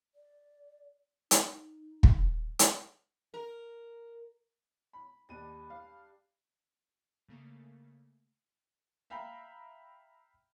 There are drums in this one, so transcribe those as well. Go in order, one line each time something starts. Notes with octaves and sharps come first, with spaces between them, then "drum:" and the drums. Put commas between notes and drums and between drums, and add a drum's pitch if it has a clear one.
D5
D#4, drum: hi-hat
drum: kick
drum: hi-hat
A#4
B5
D#2 G3 D4 D#7
F5
C#3 A3 A#3
E5 F5 G5 A#5 B5